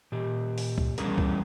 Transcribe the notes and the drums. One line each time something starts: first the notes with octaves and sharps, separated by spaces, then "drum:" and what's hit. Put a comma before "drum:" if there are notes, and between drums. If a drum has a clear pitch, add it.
A#2 G4
drum: open hi-hat
drum: kick C#2
E3 F3 G3 C#4 G#4 A#4, drum: hi-hat
drum: kick C#2